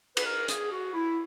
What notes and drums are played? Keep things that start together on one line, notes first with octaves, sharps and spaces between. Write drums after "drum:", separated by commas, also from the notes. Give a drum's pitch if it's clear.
B4, drum: cymbal
A#4
G#4, drum: hi-hat
F#4
E4